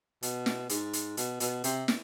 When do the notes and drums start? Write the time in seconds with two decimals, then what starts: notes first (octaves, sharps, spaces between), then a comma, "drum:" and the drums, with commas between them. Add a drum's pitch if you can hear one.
0.23 B2, drum: hi-hat
0.46 drum: snare
0.69 G#2, drum: hi-hat
0.93 drum: hi-hat
1.17 B2, drum: hi-hat
1.40 B2, drum: hi-hat
1.64 C3, drum: hi-hat
1.88 drum: snare